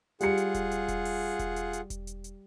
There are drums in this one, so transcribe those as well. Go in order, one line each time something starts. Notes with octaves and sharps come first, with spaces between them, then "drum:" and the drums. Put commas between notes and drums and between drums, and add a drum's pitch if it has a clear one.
G3 F4 G#4 F#5 C#7, drum: hi-hat
drum: hi-hat
drum: kick E1, hi-hat
drum: hi-hat
drum: kick E1, hi-hat
drum: open hi-hat
drum: kick E1, hi-hat
drum: hi-hat
drum: hi-hat
drum: kick E1, hi-hat
drum: hi-hat
drum: hi-hat